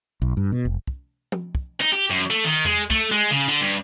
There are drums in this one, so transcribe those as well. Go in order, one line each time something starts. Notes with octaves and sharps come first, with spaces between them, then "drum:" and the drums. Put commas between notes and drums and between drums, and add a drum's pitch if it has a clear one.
B1
G2
B2
F1
drum: kick
drum: tom F3
drum: kick
D#4
G4
F#2
A3
D#3
G#3, drum: tom E2
A3, drum: kick
G#3
C#3
D3
G2